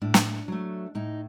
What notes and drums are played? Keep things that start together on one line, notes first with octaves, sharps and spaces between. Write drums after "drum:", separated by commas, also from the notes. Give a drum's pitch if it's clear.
A2 D4
drum: snare
F#3 A3
A2 D#4